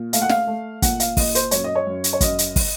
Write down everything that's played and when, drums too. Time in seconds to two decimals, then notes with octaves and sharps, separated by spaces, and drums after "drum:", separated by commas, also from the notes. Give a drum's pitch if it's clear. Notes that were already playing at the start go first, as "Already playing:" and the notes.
Already playing: A#2
0.13 A3 F5, drum: hi-hat
0.22 F#5
0.29 F5, drum: snare
0.47 A3
0.82 A#2 F#5, drum: kick, hi-hat
1.00 F5, drum: hi-hat
1.17 A#2 D#5, drum: kick, open hi-hat
1.35 C5, drum: hi-hat
1.51 F#2 C#5, drum: hi-hat
1.64 D#5
1.75 C#5
1.87 F#2
2.04 drum: hi-hat
2.13 C#5
2.21 F#2 D#5, drum: kick, hi-hat
2.38 drum: hi-hat
2.56 drum: kick, open hi-hat